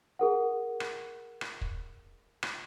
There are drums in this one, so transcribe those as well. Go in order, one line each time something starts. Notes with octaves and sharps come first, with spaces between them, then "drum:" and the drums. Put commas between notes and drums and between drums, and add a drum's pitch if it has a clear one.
G#4 A#4 F#5
drum: rim click
drum: rim click
drum: kick
drum: rim click